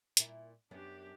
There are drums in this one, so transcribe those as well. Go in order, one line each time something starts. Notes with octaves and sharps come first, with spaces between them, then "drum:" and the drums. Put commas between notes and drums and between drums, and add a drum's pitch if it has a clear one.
A#2 E4, drum: hi-hat
F#2 B3 C#4 D4 G4